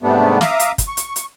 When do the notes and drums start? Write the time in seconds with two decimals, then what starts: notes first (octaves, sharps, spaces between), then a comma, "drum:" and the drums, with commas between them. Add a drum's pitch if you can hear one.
0.03 G#2 C3 G3 A3 B3 D4
0.41 E5 F5 A#5 D6 D#6, drum: snare
0.60 drum: hi-hat
0.78 drum: kick, hi-hat
0.88 C#6
0.97 drum: hi-hat
1.16 drum: hi-hat